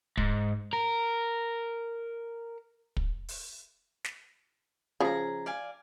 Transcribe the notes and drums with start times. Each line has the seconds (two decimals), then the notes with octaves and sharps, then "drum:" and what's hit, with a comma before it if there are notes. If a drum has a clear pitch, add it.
0.18 G#2, drum: kick
0.73 A#4
2.97 drum: kick
3.28 drum: open hi-hat
4.04 drum: snare
5.00 C#3 F3 G#4 A#5
5.46 D5 F5 G#5